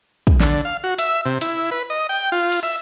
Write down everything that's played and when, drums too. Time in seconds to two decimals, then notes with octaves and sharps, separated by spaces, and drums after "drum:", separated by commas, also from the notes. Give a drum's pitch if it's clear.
0.27 drum: kick
0.40 D3, drum: snare
0.65 F5
0.84 F#4
0.99 E5, drum: hi-hat
1.25 C3
1.41 E4, drum: hi-hat
1.71 B4
1.90 D#5
2.09 G5
2.32 F4
2.52 drum: cymbal
2.63 E5